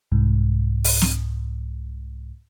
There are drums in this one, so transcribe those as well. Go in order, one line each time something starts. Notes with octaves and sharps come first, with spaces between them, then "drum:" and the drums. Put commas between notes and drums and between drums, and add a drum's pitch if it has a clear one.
C2 G#2
drum: open hi-hat
drum: snare